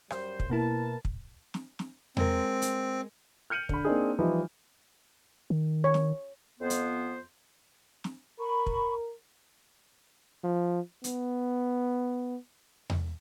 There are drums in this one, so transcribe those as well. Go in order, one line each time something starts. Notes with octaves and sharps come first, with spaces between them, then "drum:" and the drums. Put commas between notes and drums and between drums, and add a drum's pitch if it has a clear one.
F#2 G3 C5, drum: rim click
drum: kick
B2 A#3 E4 A#4 B4 A5
drum: kick
drum: snare
drum: snare
G#3 C4 A#4, drum: tom E2
drum: hi-hat
F6 G6 C#7 D#7 F#7
D3 B5, drum: kick
A#3 C4 D4 D#4 G#4
E3 F3 G3 D#4 E4
D#3
C#5
drum: snare
F2 B3 C5
drum: hi-hat
drum: snare
A#4 B5 C#6
drum: kick
F3
B3, drum: hi-hat
drum: tom E2